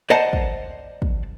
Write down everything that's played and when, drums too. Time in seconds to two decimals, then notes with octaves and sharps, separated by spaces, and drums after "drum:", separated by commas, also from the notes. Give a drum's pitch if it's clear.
0.10 C5 D5 D#5 F#5 A5 A#5
0.33 drum: kick
1.02 drum: kick